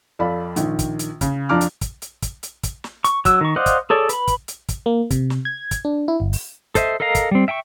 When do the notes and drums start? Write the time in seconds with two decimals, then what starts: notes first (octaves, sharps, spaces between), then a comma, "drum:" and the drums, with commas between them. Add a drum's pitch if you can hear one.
0.19 F2 A4 D5 F5 B5
0.56 A#1 D#3, drum: hi-hat
0.79 drum: kick, hi-hat
0.99 drum: hi-hat
1.21 C#3, drum: kick, hi-hat
1.49 F2 F3 D4 A#5 D6 F6
1.61 drum: hi-hat
1.81 drum: kick, hi-hat
2.02 drum: hi-hat
2.22 drum: kick, hi-hat
2.43 drum: hi-hat
2.63 drum: kick, hi-hat
2.84 drum: snare
3.04 C#6, drum: hi-hat
3.25 F#3 E6, drum: kick, hi-hat
3.41 D#3 C#6
3.56 C5 D5 D#5 F5 F#5
3.66 drum: kick, hi-hat
3.90 G#4 A4 C#5 D5
4.09 B4 B5, drum: hi-hat
4.28 drum: kick, hi-hat
4.48 drum: hi-hat
4.69 drum: kick, hi-hat
4.86 A#3
5.11 C3, drum: kick, hi-hat
5.30 drum: snare
5.45 G#6
5.71 drum: kick, hi-hat
5.85 D4
6.08 E4
6.20 G1
6.33 drum: open hi-hat
6.75 A4 C5 D#5 E5, drum: kick, hi-hat
7.00 A4 A#4 D#5 F5 A#5
7.15 drum: kick, hi-hat
7.31 G3 C4
7.48 E5 G5 G#5 C#6